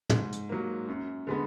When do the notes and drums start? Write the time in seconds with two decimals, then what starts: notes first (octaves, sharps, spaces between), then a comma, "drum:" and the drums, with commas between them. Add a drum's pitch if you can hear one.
0.09 G#2, drum: tom
0.32 drum: hi-hat
0.49 F#3 A#3
0.88 F#2
1.27 D3 G#3 B3